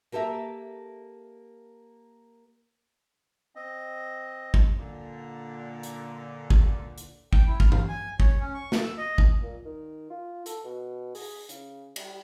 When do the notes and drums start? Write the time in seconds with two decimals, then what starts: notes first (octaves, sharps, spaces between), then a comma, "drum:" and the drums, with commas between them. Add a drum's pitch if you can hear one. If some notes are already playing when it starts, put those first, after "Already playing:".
0.12 A#3 G4 A4 A#4 E5
3.56 C4 D#5
4.54 drum: kick
4.79 A#2 D3
5.83 drum: hi-hat
6.50 drum: kick
6.98 drum: hi-hat
7.33 G5, drum: kick
7.47 E4
7.60 F6, drum: kick
7.72 F5, drum: tom G2
7.88 G#5
8.20 C#5, drum: kick
8.40 C#4
8.54 C#6
8.72 drum: snare
8.84 E6
8.98 D#5
9.18 drum: kick
9.42 A#2
9.65 D#3
10.10 F4
10.46 A4, drum: hi-hat
10.64 B2
11.15 G#4, drum: open hi-hat
11.49 C#3, drum: hi-hat
11.96 G3, drum: cymbal